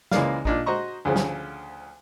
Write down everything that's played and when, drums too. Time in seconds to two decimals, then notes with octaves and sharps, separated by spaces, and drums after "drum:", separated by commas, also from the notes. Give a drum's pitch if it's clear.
0.11 C#2 E3 G#3 A#3 D5 F5, drum: snare
0.45 A#2 D4 D#4, drum: kick A1
0.66 F#4 C5 D#5 A#5 C#6
1.05 D2 C#3 F3
1.16 drum: snare